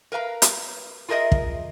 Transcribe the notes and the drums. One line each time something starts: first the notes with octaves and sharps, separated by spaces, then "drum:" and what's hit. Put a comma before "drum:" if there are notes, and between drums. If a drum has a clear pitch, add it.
A#4 B4 F5 A#5
drum: hi-hat
F4 G#4 A#4 C5 D#5 E5
drum: kick